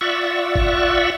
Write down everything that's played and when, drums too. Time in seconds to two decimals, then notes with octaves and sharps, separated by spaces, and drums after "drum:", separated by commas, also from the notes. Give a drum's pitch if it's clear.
0.01 F4 D5 E5 F#5 C#6 E6
0.56 drum: kick F#1